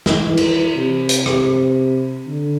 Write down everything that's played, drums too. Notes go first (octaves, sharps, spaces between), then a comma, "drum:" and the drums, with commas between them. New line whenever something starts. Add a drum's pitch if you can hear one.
drum: snare
E3
drum: cymbal
C3
drum: hi-hat
C3, drum: rim click
D3